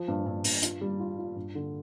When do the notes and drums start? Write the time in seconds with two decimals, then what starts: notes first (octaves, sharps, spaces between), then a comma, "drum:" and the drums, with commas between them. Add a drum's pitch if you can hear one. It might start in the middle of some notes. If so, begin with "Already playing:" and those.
Already playing: F3
0.08 G2
0.26 G2
0.44 G2, drum: open hi-hat
0.62 F4, drum: hi-hat
0.81 G3
1.00 F4
1.18 F4
1.36 G2
1.55 D3